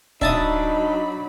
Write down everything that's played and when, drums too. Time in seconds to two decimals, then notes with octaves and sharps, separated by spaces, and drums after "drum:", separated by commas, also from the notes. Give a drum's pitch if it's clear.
0.21 F#3 D4 D#4 E5 A5 B5 D#6, drum: kick D1